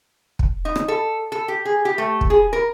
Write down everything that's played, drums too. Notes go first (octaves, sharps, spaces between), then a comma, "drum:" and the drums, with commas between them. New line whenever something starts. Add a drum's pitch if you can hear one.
drum: kick
D#4
drum: rim click
A4
A4
G4
G#4
G4
A3
drum: kick
G#4
A#4